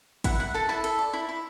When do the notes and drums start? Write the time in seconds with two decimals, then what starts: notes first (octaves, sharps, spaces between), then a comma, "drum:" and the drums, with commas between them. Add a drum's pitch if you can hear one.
0.24 E4 F#5, drum: kick, hi-hat
0.40 E4 F#5
0.54 A4 A5
0.69 E4 A5
0.84 A4, drum: hi-hat
0.99 D5
1.13 E4
1.29 E4